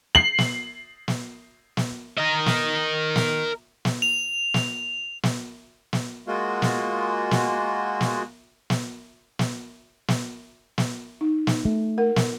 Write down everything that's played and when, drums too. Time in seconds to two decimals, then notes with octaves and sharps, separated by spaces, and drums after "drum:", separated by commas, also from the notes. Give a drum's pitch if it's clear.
0.15 C7 F#7
0.38 drum: snare
1.08 drum: snare
1.77 drum: snare
2.18 A#4 D#5
2.46 drum: snare
3.16 drum: snare
3.85 drum: snare
4.02 F7
4.54 drum: snare
5.23 drum: snare
5.93 drum: snare
6.27 G#3 A#3 F4 F#4
6.62 drum: snare
7.31 drum: snare
8.01 drum: snare
8.70 drum: snare
9.39 drum: snare
10.08 drum: snare
10.78 drum: snare
11.21 D#4
11.47 drum: snare
11.65 A3
11.98 A#4 F#5
12.16 drum: snare